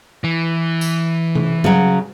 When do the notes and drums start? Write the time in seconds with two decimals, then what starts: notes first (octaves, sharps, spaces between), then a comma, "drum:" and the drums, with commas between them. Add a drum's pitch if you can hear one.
0.24 E3
0.81 drum: tambourine
1.35 drum: tom C3
1.64 C#3 F#3, drum: tom G3